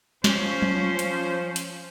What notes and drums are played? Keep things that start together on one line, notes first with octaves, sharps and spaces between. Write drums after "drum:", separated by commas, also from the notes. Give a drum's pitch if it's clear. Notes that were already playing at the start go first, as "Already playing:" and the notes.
F3 C#4 C5, drum: snare
drum: tom F#3
drum: hi-hat
drum: hi-hat